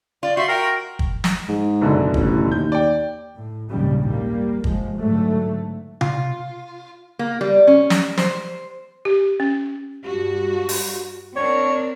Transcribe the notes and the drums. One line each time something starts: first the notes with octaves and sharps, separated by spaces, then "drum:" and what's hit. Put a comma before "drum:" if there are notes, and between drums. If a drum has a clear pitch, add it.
F4 D5
F#4 E5 C6
A#4 G5
drum: kick
drum: snare
G#2
F#1 B2 D3
A1, drum: kick
D#2 G6
D5 G5
A2
A#1 D#2 G#2 C#3 G3
G3 A#3
G2 F3 G#3, drum: kick
G#2 D3 F#3 A3
F4, drum: tom C3
A#3
G3
C#4
drum: snare
C5, drum: snare
G4
C#4
G2 F#4 G4
drum: open hi-hat
C4 D4 A#4 C#5 D5